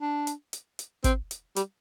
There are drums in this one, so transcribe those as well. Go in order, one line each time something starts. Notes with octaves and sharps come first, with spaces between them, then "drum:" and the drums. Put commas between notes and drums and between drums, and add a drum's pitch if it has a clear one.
D4
drum: hi-hat
drum: hi-hat
drum: hi-hat
C4, drum: kick, hi-hat
drum: hi-hat
G3, drum: hi-hat